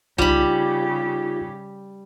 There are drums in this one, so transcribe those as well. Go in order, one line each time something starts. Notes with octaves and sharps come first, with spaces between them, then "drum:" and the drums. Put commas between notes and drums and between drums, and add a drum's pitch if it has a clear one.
C#3 G3 D#4 F4 G4 B5, drum: tom C2